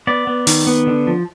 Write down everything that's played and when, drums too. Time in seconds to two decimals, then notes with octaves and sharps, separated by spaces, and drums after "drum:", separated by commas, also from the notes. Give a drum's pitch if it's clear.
0.07 B3 D5
0.27 B3
0.47 D#3, drum: open hi-hat
0.67 B3
0.87 D3
1.07 F3